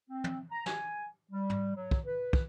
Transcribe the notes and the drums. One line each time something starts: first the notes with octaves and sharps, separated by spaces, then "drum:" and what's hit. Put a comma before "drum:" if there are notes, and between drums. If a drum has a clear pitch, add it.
C4
drum: tom
A#5
G#5, drum: snare
G3
drum: tom
F#3
drum: kick
B4
drum: kick